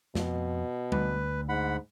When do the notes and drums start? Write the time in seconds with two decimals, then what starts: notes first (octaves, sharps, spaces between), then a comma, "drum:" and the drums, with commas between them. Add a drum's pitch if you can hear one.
0.15 F2 B2, drum: snare
0.92 D2 B4, drum: tom G3
1.49 G#2 F#5 B5